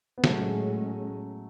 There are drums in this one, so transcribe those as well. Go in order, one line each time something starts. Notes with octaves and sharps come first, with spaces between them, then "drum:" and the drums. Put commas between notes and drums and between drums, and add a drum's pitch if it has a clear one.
B3
A2 F#3 G#3 A3 C#4, drum: snare